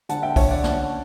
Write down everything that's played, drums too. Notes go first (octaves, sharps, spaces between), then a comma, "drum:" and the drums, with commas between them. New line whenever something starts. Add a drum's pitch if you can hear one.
D3 F#5 A5, drum: hi-hat
E5 G5
D3 C#5 E5, drum: kick, open hi-hat
D5 F#5
C#4 F#5 A5, drum: snare